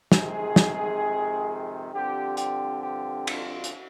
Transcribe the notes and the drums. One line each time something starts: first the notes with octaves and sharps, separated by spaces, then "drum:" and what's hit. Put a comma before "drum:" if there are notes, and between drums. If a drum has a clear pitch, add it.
F2 C3 D#3 G#3 G#4, drum: snare
drum: snare
G2 D3 F3 C4 G4
G4, drum: hi-hat
G4
F4, drum: cymbal
drum: hi-hat